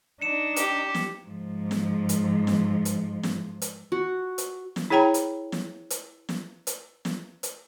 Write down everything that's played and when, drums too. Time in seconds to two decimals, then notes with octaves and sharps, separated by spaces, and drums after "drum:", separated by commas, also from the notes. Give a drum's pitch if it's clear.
0.22 D4 D#4 C#7 E7
0.56 G4, drum: hi-hat
0.95 drum: snare
1.26 G#2 F3
1.71 drum: snare
2.09 drum: hi-hat
2.47 drum: snare
2.85 drum: hi-hat
3.23 drum: snare
3.62 drum: hi-hat
3.92 F#4
4.38 drum: hi-hat
4.76 drum: snare
4.90 E4 G#4 C#5 G5 A#5 B5
5.14 drum: hi-hat
5.52 drum: snare
5.90 drum: hi-hat
6.29 drum: snare
6.67 drum: hi-hat
7.05 drum: snare
7.43 drum: hi-hat